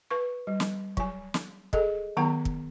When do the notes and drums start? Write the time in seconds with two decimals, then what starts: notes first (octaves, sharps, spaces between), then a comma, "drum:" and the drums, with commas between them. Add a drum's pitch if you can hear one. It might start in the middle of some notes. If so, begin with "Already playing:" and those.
0.10 B4 C#6
0.47 G3
0.60 drum: snare
0.97 F#3 G#5, drum: kick
1.34 drum: snare
1.73 G#4 A4 D#5, drum: kick
2.17 D#3 F#3 B3 F#5 A#5
2.45 drum: kick